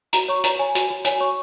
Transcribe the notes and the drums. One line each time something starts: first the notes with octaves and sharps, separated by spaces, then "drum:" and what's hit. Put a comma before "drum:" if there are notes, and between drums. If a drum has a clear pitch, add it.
F#4 A#5, drum: hi-hat
C#5 C#6
C#5 A#5, drum: hi-hat
C#5 G#5
F#4, drum: hi-hat
F#4
C#5 G#5, drum: hi-hat
C#5 C#6